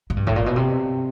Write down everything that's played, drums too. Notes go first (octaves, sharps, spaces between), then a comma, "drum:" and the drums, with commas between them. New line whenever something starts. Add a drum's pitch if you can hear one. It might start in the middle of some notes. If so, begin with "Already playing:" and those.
G#2
G2
A2, drum: kick
A#2
B2
C3